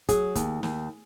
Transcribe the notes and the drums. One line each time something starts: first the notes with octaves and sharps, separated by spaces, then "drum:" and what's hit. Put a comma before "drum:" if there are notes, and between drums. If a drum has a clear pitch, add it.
F#3 G#4, drum: kick, hi-hat
D#2, drum: kick, hi-hat
D#2, drum: snare